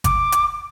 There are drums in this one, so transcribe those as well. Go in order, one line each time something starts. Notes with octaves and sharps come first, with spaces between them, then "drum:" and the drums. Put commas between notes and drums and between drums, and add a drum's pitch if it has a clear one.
D6, drum: kick G#1, hi-hat
drum: hi-hat